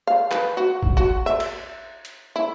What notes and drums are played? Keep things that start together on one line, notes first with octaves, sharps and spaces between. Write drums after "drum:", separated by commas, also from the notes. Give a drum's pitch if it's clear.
F5
B4, drum: clap
F#4
drum: kick A1
F#4
E5
drum: cymbal
drum: hi-hat
E4